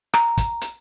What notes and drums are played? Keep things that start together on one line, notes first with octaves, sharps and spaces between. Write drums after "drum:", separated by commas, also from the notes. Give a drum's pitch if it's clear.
A#5, drum: rim click
drum: kick, hi-hat
drum: hi-hat